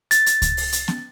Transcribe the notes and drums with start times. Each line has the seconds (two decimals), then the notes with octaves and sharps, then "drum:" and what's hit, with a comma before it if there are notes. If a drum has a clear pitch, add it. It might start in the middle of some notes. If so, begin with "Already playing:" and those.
0.11 A6, drum: hi-hat
0.26 drum: hi-hat
0.42 drum: kick C#2, hi-hat
0.57 drum: open hi-hat
0.72 drum: hi-hat
0.88 drum: snare B3